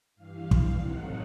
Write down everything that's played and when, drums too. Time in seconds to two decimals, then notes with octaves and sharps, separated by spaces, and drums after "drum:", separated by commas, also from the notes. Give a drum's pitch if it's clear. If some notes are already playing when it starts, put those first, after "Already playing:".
0.16 G2 E3 G3 F5
0.51 drum: kick
0.77 A2 F#3 A3 C4 D#4 F#5